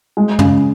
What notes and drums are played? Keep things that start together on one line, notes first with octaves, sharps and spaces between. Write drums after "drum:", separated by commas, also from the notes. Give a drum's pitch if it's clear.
G#3
C#3, drum: tom